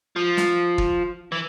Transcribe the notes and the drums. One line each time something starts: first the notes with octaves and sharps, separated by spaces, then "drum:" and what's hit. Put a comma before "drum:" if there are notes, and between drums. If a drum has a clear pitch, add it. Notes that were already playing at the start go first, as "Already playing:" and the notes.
F3
drum: snare
drum: kick
E3